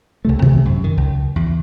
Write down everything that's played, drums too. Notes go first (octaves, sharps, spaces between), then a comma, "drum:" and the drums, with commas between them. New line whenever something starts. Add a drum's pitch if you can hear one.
C#2 C3 A3
C3 D#3 E3, drum: kick
F#2 C3
D#3
C#2
E2